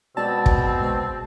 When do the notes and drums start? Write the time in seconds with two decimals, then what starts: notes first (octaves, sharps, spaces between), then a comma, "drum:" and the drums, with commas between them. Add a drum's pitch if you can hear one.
0.17 B2 G#3 C4 F#4 D5 A5
0.46 drum: kick
0.81 G#3 C5